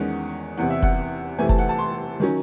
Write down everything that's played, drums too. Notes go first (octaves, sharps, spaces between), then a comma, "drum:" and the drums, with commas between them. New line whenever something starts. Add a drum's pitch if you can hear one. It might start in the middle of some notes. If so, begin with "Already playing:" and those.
Already playing: E2 D#3 G#3 C#4 F#5
E2 C3 E3 F#5
E5
F#5, drum: kick F1
C3 E3 A3 C4 G#5
A5, drum: kick F1
F#5
A5
C6
D#3 F#3 C#4